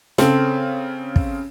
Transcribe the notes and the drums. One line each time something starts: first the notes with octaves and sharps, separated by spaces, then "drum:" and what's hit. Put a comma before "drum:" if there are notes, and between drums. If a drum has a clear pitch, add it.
C#3 C4 A4, drum: snare
drum: kick